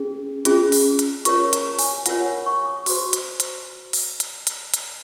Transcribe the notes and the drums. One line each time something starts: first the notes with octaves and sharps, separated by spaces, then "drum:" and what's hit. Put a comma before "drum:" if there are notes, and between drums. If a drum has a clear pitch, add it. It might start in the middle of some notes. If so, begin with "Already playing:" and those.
Already playing: C#4 G#4
C#4 F4 G#4, drum: hi-hat
drum: open hi-hat
drum: hi-hat
F4 A#4 C#5 C#6, drum: hi-hat
A#5, drum: hi-hat
G#5, drum: open hi-hat
F4 A#4 C#5 F#5, drum: hi-hat
G#5
C#6
D#6
F#4 C5 C6, drum: open hi-hat
drum: hi-hat
drum: hi-hat
drum: open hi-hat
drum: hi-hat
drum: hi-hat
drum: hi-hat